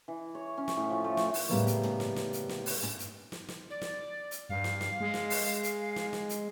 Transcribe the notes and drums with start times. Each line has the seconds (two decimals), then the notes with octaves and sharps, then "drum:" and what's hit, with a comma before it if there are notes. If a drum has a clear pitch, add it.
0.08 E3
0.35 C#5
0.57 C#4
0.68 drum: snare
0.77 A2
0.90 F3
1.04 A3
1.17 drum: snare
1.34 drum: open hi-hat
1.49 A2 C#3 G3 G#3 A#3 B3
1.67 drum: hi-hat
1.83 drum: tom
2.00 drum: snare
2.16 drum: snare
2.33 drum: hi-hat
2.49 drum: snare
2.66 drum: open hi-hat
2.82 drum: tom
2.99 drum: hi-hat
3.32 drum: snare
3.48 drum: snare
3.70 D5
3.82 drum: snare
4.31 drum: hi-hat
4.49 G2 F5
4.64 drum: snare
4.81 drum: snare
5.00 G#3
5.14 drum: snare
5.30 drum: open hi-hat
5.63 drum: hi-hat
5.96 drum: snare
6.13 drum: snare
6.29 drum: hi-hat